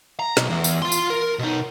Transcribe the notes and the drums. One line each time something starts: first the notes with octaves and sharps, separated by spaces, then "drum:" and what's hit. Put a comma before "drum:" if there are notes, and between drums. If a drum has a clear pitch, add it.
A#5
B1, drum: snare
E2
drum: tambourine
F4 C6
drum: tambourine
A#4
B2 D#4